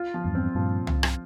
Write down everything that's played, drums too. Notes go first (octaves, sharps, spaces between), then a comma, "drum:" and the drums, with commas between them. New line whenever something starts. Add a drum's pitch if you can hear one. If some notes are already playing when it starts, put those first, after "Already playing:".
Already playing: F4
F3
E2 G2
C4
G2 A#2 F3
drum: tom C2
drum: rim click